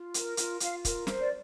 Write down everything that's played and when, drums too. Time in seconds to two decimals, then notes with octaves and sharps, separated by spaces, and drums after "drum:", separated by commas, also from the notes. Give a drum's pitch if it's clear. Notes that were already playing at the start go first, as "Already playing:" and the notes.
Already playing: F4
0.14 A#4, drum: hi-hat
0.37 F4, drum: hi-hat
0.60 F4 F5, drum: hi-hat
0.85 A#4, drum: kick, hi-hat
1.07 C5, drum: snare
1.20 D5